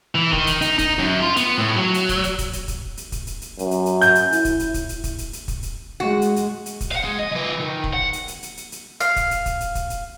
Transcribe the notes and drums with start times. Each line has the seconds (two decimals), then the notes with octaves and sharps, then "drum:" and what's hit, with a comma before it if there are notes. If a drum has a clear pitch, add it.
0.15 E3
0.33 D#3, drum: kick
0.47 drum: hi-hat
0.62 D#4, drum: hi-hat
0.78 D#4, drum: kick, hi-hat
0.99 F#2
1.21 F4
1.36 B3, drum: hi-hat
1.58 A2
1.76 F#3
1.94 drum: hi-hat
2.09 drum: kick, hi-hat
2.24 drum: hi-hat
2.38 drum: kick, hi-hat
2.53 drum: hi-hat
2.68 drum: kick, hi-hat
2.97 drum: hi-hat
3.12 drum: kick, hi-hat
3.27 drum: hi-hat
3.42 drum: hi-hat
3.59 F#2, drum: hi-hat
3.71 drum: hi-hat
3.86 drum: hi-hat
4.01 G6, drum: hi-hat
4.15 drum: hi-hat
4.32 E4, drum: hi-hat
4.45 drum: kick, hi-hat
4.59 drum: hi-hat
4.74 drum: kick, hi-hat
4.89 drum: hi-hat
5.04 drum: kick, hi-hat
5.18 drum: hi-hat
5.33 drum: hi-hat
5.48 drum: kick, hi-hat
5.63 drum: hi-hat
6.00 G#3 F#4
6.22 drum: hi-hat
6.36 drum: hi-hat
6.66 drum: hi-hat
6.81 drum: kick, hi-hat
6.92 F5 F#5
7.04 G#3
7.19 D#5
7.32 F3 B4
7.60 D#3
7.84 drum: kick
7.94 F#5
8.13 drum: hi-hat
8.28 drum: hi-hat
8.43 drum: hi-hat
8.57 drum: hi-hat
8.72 drum: hi-hat
9.00 F5, drum: hi-hat
9.16 drum: kick, hi-hat
9.31 drum: hi-hat
9.46 drum: kick, hi-hat
9.61 drum: hi-hat
9.75 drum: kick, hi-hat
9.90 drum: hi-hat